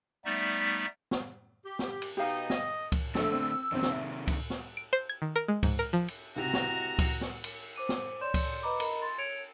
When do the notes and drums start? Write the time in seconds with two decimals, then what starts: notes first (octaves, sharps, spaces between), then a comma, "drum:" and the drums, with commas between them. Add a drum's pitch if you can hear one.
0.25 G3 A3 B3 D#4 D5 E5
1.11 drum: snare
1.65 G4
1.79 drum: snare
2.02 drum: cymbal
2.17 B2 D#4 G4 F5
2.50 D#5, drum: snare
2.92 drum: kick C#2, cymbal
3.15 A#1 A2 D3 A4 E6, drum: snare
3.33 C4
3.72 A#1 C3 D#3 C4
3.82 drum: snare
3.92 E5
4.28 drum: kick C#2, cymbal
4.50 drum: snare
4.77 D7
4.93 C5
5.09 G#6
5.22 D#3
5.36 A#4
5.48 G#3
5.63 G#2, drum: kick C#2, cymbal
5.79 A#4
5.93 F3
6.08 drum: cymbal
6.36 C#2 A2 C3 F#4 A#5
6.53 drum: snare
6.99 drum: kick C#2, cymbal
7.21 drum: snare
7.44 drum: cymbal
7.76 C5 D6 D#7
7.89 drum: snare
8.21 C#5 D5 C6 G6 E7
8.34 drum: kick C#2, cymbal
8.63 B4 D#5 A#5 B5 D6
8.80 A#4 D#5 A#5 B5, drum: cymbal
9.02 C6 A6
9.18 C#5 G#6 C#7 D7 F7